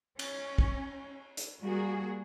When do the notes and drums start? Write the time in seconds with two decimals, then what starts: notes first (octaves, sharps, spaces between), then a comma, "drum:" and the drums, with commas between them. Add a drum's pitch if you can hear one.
0.19 C#4, drum: cymbal
0.58 drum: kick
1.37 drum: hi-hat
1.63 G3 A#3 F#4 G#4